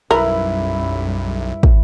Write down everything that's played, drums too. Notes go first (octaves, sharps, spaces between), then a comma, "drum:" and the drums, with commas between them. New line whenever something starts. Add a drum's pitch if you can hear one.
B1 F#2 G3 E4 A#4 B4
drum: kick